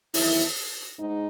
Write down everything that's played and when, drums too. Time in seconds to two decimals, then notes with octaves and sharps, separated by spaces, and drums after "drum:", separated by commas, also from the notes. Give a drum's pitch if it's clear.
0.14 E2 D#3 F#3 E4, drum: open hi-hat
0.98 G#2 D#4